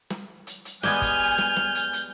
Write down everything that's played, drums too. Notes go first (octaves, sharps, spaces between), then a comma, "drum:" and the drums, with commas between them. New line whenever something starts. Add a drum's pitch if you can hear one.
drum: snare
drum: hi-hat
drum: hi-hat
G3 G#3 B3 G#5 F6 G6, drum: snare
drum: kick, hi-hat
drum: snare
drum: snare
drum: hi-hat
drum: hi-hat